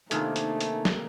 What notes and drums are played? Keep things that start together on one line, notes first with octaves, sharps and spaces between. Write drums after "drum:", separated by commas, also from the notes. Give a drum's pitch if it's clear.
C3 D#3 A3 A#3 D4 D#4 F4 G#4, drum: hi-hat
drum: hi-hat
drum: hi-hat
drum: snare